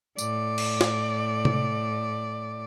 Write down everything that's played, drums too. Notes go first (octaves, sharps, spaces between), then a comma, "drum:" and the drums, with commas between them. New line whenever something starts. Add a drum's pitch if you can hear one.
A2 D5, drum: tambourine
drum: cymbal
drum: snare
drum: tom C3